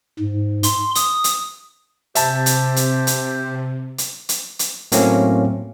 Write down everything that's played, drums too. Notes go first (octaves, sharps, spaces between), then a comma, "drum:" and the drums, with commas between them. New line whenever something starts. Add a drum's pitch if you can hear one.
G#2
C6, drum: hi-hat
D#6, drum: hi-hat
drum: hi-hat
C3 G4 C5 E5 A5, drum: hi-hat
drum: hi-hat
drum: hi-hat
drum: hi-hat
drum: hi-hat
drum: hi-hat
drum: hi-hat
A2 F#3 A3 A#3 C4 C#4, drum: hi-hat